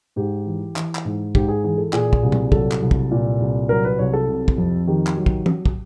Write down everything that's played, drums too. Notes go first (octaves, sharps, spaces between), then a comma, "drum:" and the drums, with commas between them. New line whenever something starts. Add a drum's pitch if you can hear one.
G#2 G4
E3
E3, drum: clap
drum: clap
G#2
G#2 G4, drum: kick
G#4
E3 G#4
A4
A#2 G#4, drum: clap
drum: kick
C2
drum: tom A#2
F#3 A4, drum: kick
drum: clap
C2
drum: kick
A#2
C2
F#3 A#4
B4
C2 C#5
A4
C3
drum: kick
F2
D#3 G4
drum: clap
F#3
drum: kick
drum: tom
drum: kick